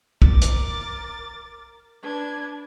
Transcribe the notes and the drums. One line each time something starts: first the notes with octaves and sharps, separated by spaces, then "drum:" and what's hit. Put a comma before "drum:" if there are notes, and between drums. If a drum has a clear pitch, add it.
A#4 D6 A6, drum: kick
drum: hi-hat
D4 B4 G#6